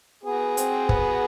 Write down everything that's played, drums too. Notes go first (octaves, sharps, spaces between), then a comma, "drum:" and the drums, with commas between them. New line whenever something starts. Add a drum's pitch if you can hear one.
B3 F#4 G#4
C4, drum: hi-hat
B3, drum: kick